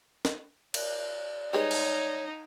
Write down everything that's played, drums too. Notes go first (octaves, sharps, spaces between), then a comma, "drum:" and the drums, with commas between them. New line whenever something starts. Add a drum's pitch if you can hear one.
drum: snare
D5, drum: cymbal
G3 G#3 D#4 B4 C#5
drum: cymbal